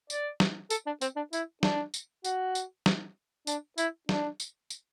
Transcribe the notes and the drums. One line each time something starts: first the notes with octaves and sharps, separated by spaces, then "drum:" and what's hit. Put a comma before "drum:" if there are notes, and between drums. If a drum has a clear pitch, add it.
D5, drum: tambourine
drum: snare
A4, drum: tambourine
D4
C4, drum: tambourine
D4
E4, drum: tambourine
D4, drum: snare
drum: tambourine
F#4, drum: tambourine
drum: tambourine
drum: snare
D4, drum: tambourine
E4, drum: tambourine
D4, drum: snare
drum: tambourine
drum: tambourine